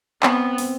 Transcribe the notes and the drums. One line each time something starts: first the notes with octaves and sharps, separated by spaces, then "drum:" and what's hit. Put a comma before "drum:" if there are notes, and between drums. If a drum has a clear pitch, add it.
B3 C4, drum: clap
C4, drum: open hi-hat